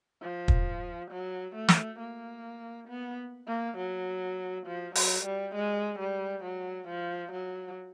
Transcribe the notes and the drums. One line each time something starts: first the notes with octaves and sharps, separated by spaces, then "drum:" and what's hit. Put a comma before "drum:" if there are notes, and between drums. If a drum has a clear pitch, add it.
F3
drum: kick
F#3
A3
drum: snare
A#3
B3
A#3
F#3
F3
F#3, drum: open hi-hat
G3
G#3
G3
F#3
F3
F#3